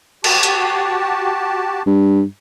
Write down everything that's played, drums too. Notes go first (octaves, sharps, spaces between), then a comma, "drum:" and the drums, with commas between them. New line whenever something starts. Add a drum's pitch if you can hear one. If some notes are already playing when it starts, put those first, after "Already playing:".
F#4 G4 A5, drum: cymbal
drum: hi-hat
G2